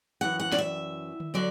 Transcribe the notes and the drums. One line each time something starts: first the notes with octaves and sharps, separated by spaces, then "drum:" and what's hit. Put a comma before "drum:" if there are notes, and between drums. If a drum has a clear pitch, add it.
F#2 E3 F#5
F#5
D5, drum: snare
E5
drum: tom D3
D3 F#3 D5